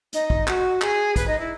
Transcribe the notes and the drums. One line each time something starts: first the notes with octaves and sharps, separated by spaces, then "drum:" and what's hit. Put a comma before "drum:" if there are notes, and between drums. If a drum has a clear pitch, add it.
D#4, drum: hi-hat
drum: kick
F#4, drum: clap
G#4, drum: clap
B4, drum: kick, hi-hat
D#4
E4